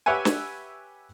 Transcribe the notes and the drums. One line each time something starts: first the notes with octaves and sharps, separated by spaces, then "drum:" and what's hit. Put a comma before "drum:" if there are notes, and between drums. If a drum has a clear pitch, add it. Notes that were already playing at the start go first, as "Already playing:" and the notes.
G4 B4 C#5 E5 F#5 G#5
drum: snare